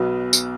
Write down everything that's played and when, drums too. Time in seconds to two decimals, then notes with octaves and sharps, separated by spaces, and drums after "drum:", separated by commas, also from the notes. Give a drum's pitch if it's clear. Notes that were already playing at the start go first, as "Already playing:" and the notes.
Already playing: B1 B2 F#3 B4
0.33 drum: tambourine